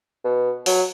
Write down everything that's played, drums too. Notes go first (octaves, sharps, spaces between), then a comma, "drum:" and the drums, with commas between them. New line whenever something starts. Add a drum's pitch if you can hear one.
B2
F#3, drum: open hi-hat